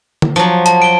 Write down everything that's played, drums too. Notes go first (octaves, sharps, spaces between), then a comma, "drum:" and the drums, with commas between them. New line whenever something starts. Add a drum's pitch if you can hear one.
drum: tom
F3 F#3
A5, drum: hi-hat
D7 G7